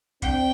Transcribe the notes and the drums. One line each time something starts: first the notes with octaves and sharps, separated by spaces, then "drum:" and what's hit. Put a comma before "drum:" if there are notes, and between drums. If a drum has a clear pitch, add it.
C4 D4 G5, drum: kick B1, hi-hat